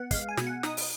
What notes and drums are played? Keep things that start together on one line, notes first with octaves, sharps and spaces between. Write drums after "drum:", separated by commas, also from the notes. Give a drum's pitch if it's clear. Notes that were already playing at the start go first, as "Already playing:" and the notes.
Already playing: B3 F#5
G#3 F5, drum: kick, hi-hat
G#5
B2, drum: snare
F#5
D#4 D#6, drum: snare
drum: open hi-hat